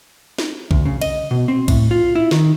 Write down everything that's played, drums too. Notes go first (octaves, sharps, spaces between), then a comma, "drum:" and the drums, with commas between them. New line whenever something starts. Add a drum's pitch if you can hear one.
drum: snare
D2, drum: kick B1
C#3
D#5, drum: cymbal
B2
C4
A2, drum: kick B1, cymbal
F4
E4
D#3, drum: snare